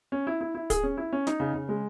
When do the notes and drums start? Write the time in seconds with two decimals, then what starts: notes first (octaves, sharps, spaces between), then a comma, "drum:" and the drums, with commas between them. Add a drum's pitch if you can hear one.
0.12 C#4
0.27 E4
0.41 E4
0.55 E4
0.70 G#4, drum: kick, hi-hat
0.83 C#4
0.97 E4
1.13 C#4
1.27 D#4, drum: snare
1.40 C#3
1.54 C#3
1.69 G#3